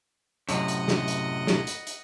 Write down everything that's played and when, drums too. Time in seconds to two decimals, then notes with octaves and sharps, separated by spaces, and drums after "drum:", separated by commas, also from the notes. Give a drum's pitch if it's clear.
0.49 F#2 A2 C3 D#5 F#5, drum: hi-hat
0.68 drum: hi-hat
0.88 drum: snare
1.08 drum: hi-hat
1.47 drum: snare
1.67 drum: hi-hat
1.87 drum: hi-hat